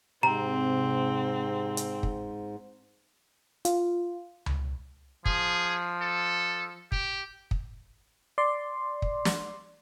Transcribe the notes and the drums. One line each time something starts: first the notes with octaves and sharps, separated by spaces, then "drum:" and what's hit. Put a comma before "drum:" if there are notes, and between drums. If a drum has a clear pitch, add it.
G#2 C3 C4 A#5
drum: hi-hat
drum: kick
F4, drum: hi-hat
drum: tom C#2
F3 G#4, drum: kick
A4
G4, drum: kick
drum: kick
D5 C6
drum: kick
drum: snare